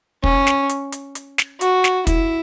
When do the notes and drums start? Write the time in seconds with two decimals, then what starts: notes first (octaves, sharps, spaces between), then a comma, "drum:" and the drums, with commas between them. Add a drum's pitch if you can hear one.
0.24 C#4, drum: kick
0.47 drum: snare
0.69 drum: hi-hat
0.92 drum: hi-hat
1.15 drum: hi-hat
1.38 drum: snare
1.61 F#4, drum: hi-hat
1.84 drum: snare
2.07 E4, drum: kick, hi-hat